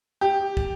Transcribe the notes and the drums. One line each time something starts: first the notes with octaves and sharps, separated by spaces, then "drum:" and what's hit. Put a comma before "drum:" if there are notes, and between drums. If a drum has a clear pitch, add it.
G4
drum: kick